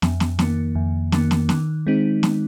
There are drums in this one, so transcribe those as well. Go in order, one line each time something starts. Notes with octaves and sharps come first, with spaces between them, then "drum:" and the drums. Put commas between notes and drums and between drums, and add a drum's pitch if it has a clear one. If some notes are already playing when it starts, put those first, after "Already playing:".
F2, drum: snare
drum: snare
D#3 A#3, drum: snare
F2
D#3 A#3, drum: snare
drum: snare
D#3, drum: snare
G#3 C4 D#4
D#3, drum: snare